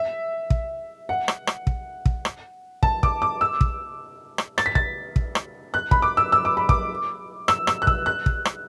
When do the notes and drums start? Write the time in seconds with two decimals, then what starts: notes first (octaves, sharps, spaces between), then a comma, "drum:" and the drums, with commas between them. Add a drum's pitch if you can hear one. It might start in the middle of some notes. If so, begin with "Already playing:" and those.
Already playing: E5
0.50 drum: kick
1.09 F#5
1.28 drum: rim click
1.47 drum: rim click
1.67 drum: kick
2.05 drum: kick
2.25 drum: rim click
2.83 A5, drum: kick
3.03 D6, drum: kick
3.22 D6
3.41 E6
3.61 drum: kick
4.38 drum: rim click
4.58 A6, drum: rim click
4.66 B6
4.75 A6, drum: kick
5.16 drum: kick
5.35 drum: rim click
5.74 F#6
5.91 B5, drum: kick
6.02 D6
6.17 E6
6.32 E6
6.45 D6
6.57 B5
6.69 D6, drum: kick
7.48 E6, drum: rim click
7.67 E6, drum: rim click
7.82 F#6
7.87 E6, drum: kick
8.06 F#6
8.26 drum: kick
8.45 drum: rim click